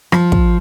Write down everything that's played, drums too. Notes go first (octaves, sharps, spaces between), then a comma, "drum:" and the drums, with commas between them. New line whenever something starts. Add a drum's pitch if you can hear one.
F3, drum: rim click
drum: kick